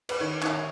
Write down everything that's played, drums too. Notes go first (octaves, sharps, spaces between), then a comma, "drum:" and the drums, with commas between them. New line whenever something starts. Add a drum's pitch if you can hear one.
B4, drum: cymbal
D#3 C#5
D#3 C#5, drum: clap